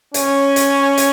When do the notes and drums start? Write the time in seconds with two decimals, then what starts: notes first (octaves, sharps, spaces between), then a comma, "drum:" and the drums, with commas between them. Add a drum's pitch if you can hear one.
0.14 C#4, drum: hi-hat
0.56 drum: hi-hat
0.97 drum: hi-hat